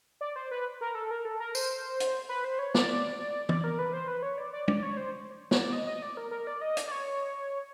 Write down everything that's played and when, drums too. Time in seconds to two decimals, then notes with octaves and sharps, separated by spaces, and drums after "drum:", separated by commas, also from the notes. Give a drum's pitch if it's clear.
0.21 D5
0.36 C5
0.51 B4
0.81 A#4
0.95 A4
1.11 A#4
1.25 A4
1.40 A#4
1.55 C5, drum: tambourine
2.00 drum: hi-hat
2.29 B4
2.45 C5
2.59 C#5
2.74 D5, drum: snare
3.49 D5, drum: tom E3
3.64 A#4
3.79 B4
3.93 C5
4.08 B4
4.23 C#5
4.38 D5
4.53 D5
4.68 D5, drum: tom
4.83 C#5
4.97 C5
5.51 C#5, drum: snare
5.58 D5
5.73 D#5
5.87 D#5
6.02 D5
6.17 A#4
6.31 A#4
6.47 D5
6.61 D#5
6.77 D5, drum: hi-hat
6.87 D5
6.91 C#5